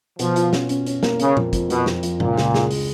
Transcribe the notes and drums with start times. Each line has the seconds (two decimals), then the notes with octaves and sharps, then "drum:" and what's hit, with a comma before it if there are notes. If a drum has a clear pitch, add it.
0.19 B2 F3, drum: hi-hat
0.36 F4, drum: hi-hat
0.53 C#4, drum: snare
0.69 C#4, drum: hi-hat
0.87 C#4, drum: hi-hat
1.03 A#3, drum: snare
1.20 C#3 A#3, drum: hi-hat
1.37 F2, drum: tom A#2
1.53 F2, drum: kick, hi-hat
1.70 F2 B2, drum: hi-hat
1.86 F2, drum: snare
2.03 F3, drum: hi-hat
2.20 C#2 A#2, drum: tom G2
2.37 C#2, drum: snare
2.54 G#3, drum: snare
2.71 drum: open hi-hat